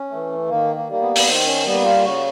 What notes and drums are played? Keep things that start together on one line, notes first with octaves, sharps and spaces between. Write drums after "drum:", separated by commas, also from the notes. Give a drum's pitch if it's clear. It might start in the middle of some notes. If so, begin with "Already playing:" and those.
Already playing: C#4
E3 A3
D#3 A#3
A#3
G3 A#3
B3
B3, drum: open hi-hat
D#3 C4
C#4
G3 A#3 B3
F4
C#3 F#4